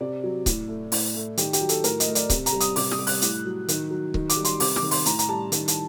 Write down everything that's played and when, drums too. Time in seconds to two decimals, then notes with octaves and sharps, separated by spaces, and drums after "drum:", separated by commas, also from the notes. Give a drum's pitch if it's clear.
0.01 C3 D5
0.24 F#3
0.46 A2, drum: kick C#1, hi-hat
0.68 A3
0.92 A2, drum: open hi-hat
1.15 A3
1.37 D#3 G4, drum: hi-hat
1.53 G4, drum: hi-hat
1.60 F#3
1.69 A4, drum: hi-hat
1.84 A2 A#4, drum: hi-hat
2.00 D#5, drum: hi-hat
2.07 A3
2.15 D5, drum: hi-hat
2.30 C3, drum: kick C#1, hi-hat
2.46 A#5, drum: hi-hat
2.53 G3
2.60 D#6, drum: hi-hat
2.76 C3 D6, drum: open hi-hat
2.91 D#6, drum: snare
2.99 G3
3.07 F#6, drum: open hi-hat
3.22 A2, drum: hi-hat
3.45 F#3
3.68 D#3, drum: hi-hat
3.91 F#3
4.14 D#3, drum: kick C#1
4.29 D6, drum: hi-hat
4.37 G3
4.44 C6, drum: hi-hat
4.60 C3 D6, drum: open hi-hat
4.76 D6, drum: snare
4.83 D#3
4.91 C6, drum: open hi-hat
5.06 A2 A#5, drum: hi-hat
5.19 A#5, drum: hi-hat
5.29 G3 A5
5.52 D#3, drum: hi-hat
5.68 drum: hi-hat